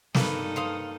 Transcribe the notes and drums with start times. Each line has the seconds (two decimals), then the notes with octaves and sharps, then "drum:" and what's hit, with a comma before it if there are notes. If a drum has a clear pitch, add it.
0.14 G2 A#3 D#4 A4 B4, drum: snare
0.56 C5 F5 D#6